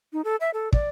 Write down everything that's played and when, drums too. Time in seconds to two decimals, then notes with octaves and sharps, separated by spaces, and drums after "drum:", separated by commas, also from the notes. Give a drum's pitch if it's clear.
0.13 D#4
0.24 A4
0.41 E5
0.54 A4
0.73 D5, drum: kick